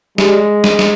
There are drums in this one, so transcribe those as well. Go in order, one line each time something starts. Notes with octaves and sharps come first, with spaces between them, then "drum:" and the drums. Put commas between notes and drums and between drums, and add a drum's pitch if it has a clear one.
G3 G#3, drum: snare
drum: snare
drum: snare